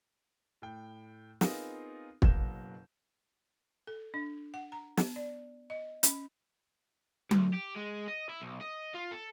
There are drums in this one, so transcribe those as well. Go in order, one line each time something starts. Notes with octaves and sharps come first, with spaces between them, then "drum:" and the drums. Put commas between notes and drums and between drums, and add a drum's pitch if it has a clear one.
A2 G5
B3 C4 D#4 F4 G#4 A#4, drum: snare
F#1 B2 F#3 A#3 G6 E7, drum: kick
A4
D4
F#5
A#5
B3, drum: snare
D5
D#5
C#4, drum: hi-hat
D2, drum: tom F#3
G4
G#3
D#5
E4
B1
D#5
F4
A4